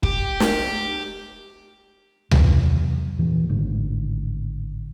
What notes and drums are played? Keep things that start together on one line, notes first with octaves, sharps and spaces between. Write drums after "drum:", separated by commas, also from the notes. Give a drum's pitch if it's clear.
G4, drum: kick
drum: snare
E2 C3 F#3, drum: tom C#2
A#2 E3
G#1 A2 D3